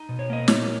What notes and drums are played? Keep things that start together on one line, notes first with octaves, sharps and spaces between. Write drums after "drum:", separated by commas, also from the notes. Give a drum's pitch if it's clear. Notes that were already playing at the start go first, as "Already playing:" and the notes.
Already playing: D#4
B2
C#5
A#3 D#5
A#2 C#5, drum: snare